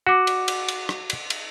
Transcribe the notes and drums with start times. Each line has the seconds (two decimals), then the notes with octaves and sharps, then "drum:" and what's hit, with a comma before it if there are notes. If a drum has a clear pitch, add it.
0.07 F#4 F#5 D6
0.27 drum: cymbal
0.48 drum: cymbal
0.68 drum: cymbal
0.89 drum: rim click
1.10 drum: cymbal
1.30 drum: cymbal